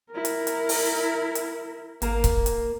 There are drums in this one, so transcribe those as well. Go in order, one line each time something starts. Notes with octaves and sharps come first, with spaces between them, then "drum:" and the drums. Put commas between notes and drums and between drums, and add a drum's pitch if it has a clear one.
E4 A#4
drum: hi-hat
drum: hi-hat
drum: open hi-hat
drum: hi-hat
G#1 A#3 A#4, drum: hi-hat
drum: kick C#1, hi-hat
drum: hi-hat